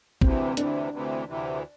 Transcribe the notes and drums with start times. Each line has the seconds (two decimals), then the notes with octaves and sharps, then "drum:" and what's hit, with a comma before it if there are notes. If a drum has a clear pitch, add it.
0.21 D2 C3 E3 C4, drum: kick
0.57 D2 C3 E3 D4, drum: hi-hat
0.93 D2 C3 E3
1.28 D2 C3 E3